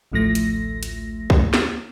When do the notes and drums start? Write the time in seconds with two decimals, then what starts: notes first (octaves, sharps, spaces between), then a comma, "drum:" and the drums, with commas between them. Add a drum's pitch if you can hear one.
0.12 A1 D2 A2 F3 A3 A#6
0.35 drum: hi-hat
0.83 drum: hi-hat
1.30 drum: kick
1.54 drum: snare